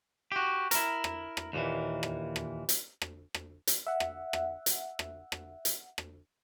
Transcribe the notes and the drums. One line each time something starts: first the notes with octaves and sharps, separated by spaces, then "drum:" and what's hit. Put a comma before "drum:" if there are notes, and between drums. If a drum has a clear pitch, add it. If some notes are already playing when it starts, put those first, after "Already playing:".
F#4 G4
E4 A#4, drum: hi-hat
drum: rim click
drum: rim click
D#2 A#2 E3
drum: rim click
drum: rim click
drum: hi-hat
drum: rim click
drum: rim click
drum: hi-hat
E5 F#5
drum: rim click
drum: rim click
drum: hi-hat
drum: rim click
drum: rim click
drum: hi-hat
drum: rim click